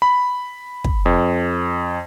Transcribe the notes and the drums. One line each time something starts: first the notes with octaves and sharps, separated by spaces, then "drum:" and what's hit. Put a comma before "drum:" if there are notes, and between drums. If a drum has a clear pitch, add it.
B5
drum: kick
F2